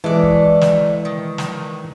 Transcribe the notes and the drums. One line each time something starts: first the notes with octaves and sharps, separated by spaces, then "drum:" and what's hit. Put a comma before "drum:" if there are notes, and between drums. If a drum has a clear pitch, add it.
E3 G#3 A3 D5
drum: kick
drum: snare
D#3
drum: snare